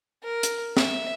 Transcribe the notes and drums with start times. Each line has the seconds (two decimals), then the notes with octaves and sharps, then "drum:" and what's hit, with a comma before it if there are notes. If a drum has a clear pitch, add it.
0.23 A#4
0.43 drum: hi-hat
0.77 E5, drum: snare